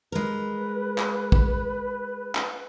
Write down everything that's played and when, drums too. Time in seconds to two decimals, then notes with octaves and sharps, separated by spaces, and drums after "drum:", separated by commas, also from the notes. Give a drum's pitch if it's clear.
0.12 G#3 A#4 B4
0.98 drum: clap
1.32 drum: kick
2.35 drum: clap